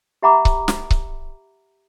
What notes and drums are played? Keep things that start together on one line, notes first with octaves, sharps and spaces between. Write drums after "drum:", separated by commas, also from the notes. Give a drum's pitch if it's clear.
G4 E5 F#5 A#5 B5 D6
drum: kick C#1
drum: snare
drum: kick C#1